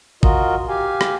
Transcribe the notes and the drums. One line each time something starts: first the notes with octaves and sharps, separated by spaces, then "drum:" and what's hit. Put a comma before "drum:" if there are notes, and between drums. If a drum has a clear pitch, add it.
F4 F#4 A#4 D#5, drum: kick
G4 F5 G#5
drum: rim click